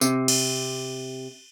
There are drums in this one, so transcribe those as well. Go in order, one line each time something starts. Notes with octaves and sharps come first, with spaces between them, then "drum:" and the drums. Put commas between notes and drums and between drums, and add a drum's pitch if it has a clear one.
C3, drum: tambourine
drum: cymbal